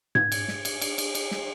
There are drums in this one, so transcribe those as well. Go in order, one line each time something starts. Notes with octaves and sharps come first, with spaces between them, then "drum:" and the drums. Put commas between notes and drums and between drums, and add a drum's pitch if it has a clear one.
G#6, drum: tom G#2
drum: cymbal
drum: snare
drum: cymbal
drum: cymbal
drum: cymbal
drum: cymbal
drum: snare